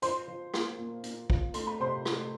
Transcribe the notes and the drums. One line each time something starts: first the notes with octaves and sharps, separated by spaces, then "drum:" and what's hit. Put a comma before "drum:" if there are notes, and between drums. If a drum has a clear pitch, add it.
F3 C5 C6, drum: hi-hat
F3
A#3, drum: rim click
A#2
A#2, drum: hi-hat
F3, drum: kick
A3 C6, drum: hi-hat
B5
C3 C5 C6
A3, drum: rim click